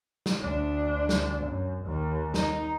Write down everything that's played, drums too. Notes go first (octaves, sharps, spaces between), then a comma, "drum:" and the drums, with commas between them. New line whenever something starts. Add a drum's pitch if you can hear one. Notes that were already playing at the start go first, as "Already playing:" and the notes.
drum: snare
D2 D4
drum: snare
F#2
D#2
D#4, drum: snare